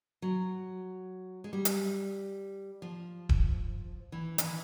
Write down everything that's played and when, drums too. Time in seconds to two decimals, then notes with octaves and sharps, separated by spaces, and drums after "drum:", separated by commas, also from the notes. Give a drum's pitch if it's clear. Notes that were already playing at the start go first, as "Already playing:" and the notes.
0.22 F#3
1.44 G#3
1.53 G3
1.65 drum: hi-hat
2.82 F3
3.29 drum: kick D#1
4.12 E3
4.38 D#3, drum: hi-hat
4.44 E3